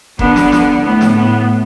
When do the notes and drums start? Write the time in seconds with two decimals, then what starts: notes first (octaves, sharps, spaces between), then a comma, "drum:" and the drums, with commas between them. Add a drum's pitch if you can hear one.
0.19 D3 B3, drum: kick F1
0.36 drum: snare
0.52 drum: snare
0.84 A2 B3
1.01 drum: snare
1.17 B3